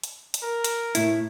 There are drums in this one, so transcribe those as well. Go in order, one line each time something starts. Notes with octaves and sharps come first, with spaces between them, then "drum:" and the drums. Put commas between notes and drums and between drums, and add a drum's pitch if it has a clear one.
drum: hi-hat
drum: hi-hat
A#4
drum: hi-hat
A2 E4, drum: hi-hat